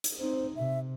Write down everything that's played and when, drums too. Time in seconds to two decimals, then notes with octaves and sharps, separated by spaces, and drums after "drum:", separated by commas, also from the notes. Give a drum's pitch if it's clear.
0.04 drum: hi-hat
0.19 C4 D#4 C5
0.56 C3 E5